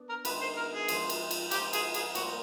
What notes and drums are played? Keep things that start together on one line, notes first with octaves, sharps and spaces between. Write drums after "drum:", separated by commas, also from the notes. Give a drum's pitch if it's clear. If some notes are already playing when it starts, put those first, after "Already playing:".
Already playing: B3 D4
A#4
D#3 G#3 B3 D4 B4, drum: cymbal
C5
A#4
G#4
F3 G#3 C4 D#4, drum: cymbal
drum: cymbal
drum: cymbal
F3 G#3 C4 D#4 G4, drum: cymbal
G#4, drum: cymbal
G#4, drum: cymbal
A#2 G3 C4 F#4, drum: cymbal